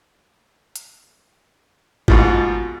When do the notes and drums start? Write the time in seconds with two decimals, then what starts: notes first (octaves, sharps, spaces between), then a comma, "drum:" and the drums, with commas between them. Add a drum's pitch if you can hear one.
0.76 drum: hi-hat
2.08 G#2 B2 F3, drum: kick G#1